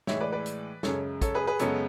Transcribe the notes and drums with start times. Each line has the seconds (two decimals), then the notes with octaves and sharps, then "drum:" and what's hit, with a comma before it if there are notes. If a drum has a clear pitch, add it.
0.07 A2 E3 G#3 C#5 E5, drum: snare
0.20 B4 D5
0.32 B4 D5
0.46 drum: hi-hat
0.83 F#2 C#3 G#3 A4 C#5, drum: snare
1.21 A4 C#5, drum: kick, hi-hat
1.35 G#4 B4
1.47 G#4 B4
1.59 F#2 C#3 G#3 B3 A4 C#5, drum: hi-hat